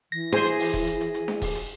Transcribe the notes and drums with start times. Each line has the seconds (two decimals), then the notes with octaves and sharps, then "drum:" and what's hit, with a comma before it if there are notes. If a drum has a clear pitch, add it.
0.12 E3 A#6
0.32 G#4 C5 G#5 C6, drum: snare D4
0.46 drum: hi-hat
0.60 drum: open hi-hat
0.73 drum: kick D#1, hi-hat
0.87 drum: hi-hat
1.01 drum: hi-hat
1.14 drum: hi-hat
1.28 drum: snare D4
1.42 drum: kick D#1, open hi-hat
1.55 drum: hi-hat